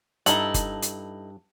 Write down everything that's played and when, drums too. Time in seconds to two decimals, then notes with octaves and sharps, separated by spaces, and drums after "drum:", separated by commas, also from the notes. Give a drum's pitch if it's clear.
0.26 G2 D#4 E4 A4 F#7, drum: hi-hat
0.54 drum: kick F#1, hi-hat
0.82 drum: hi-hat